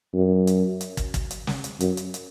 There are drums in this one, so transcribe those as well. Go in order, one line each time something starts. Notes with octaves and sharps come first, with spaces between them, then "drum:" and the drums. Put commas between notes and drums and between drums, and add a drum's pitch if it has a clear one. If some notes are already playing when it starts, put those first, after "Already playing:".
F#2
drum: hi-hat
drum: hi-hat
drum: kick, hi-hat
drum: kick, hi-hat
drum: hi-hat
drum: snare
drum: hi-hat
F#2, drum: hi-hat
drum: hi-hat
drum: hi-hat